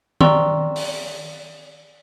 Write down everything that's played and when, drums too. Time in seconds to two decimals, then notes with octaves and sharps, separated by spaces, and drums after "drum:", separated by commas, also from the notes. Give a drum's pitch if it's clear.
0.21 D5 G5 A#5 C6 C#6 E6, drum: tom D#3
0.76 drum: open hi-hat